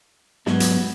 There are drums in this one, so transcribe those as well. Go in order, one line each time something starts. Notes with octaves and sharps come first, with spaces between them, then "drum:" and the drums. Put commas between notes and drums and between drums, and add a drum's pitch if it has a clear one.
G#2 F#3 B3, drum: snare
drum: hi-hat